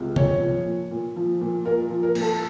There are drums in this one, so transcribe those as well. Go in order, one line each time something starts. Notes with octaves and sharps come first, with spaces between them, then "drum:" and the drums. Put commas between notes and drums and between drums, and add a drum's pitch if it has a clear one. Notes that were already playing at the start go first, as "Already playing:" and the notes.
Already playing: C#2 C3
A#2 C#5, drum: tom C3
F3
A#2
A#2
F3
A#2
F4 A#4
F3
A#4
A#2, drum: cymbal
A4